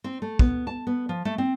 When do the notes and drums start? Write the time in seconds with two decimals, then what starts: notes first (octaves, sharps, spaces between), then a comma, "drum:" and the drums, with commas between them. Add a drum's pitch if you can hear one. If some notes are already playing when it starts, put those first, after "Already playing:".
0.04 C4
0.22 A3
0.39 B3, drum: kick
0.67 A5
0.87 B3
1.09 F3
1.25 A3
1.38 C4